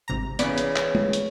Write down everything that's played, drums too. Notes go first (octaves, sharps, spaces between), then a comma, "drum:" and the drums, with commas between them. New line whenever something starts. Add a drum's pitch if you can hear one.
G#1 C3 A#5
C#3 E3 B3 C#4 D5 B5, drum: hi-hat
drum: hi-hat
drum: clap
drum: tom G#3
drum: hi-hat